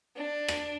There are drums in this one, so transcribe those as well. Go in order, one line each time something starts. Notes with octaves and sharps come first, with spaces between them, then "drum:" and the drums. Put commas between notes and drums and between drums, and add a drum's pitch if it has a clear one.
D4
drum: rim click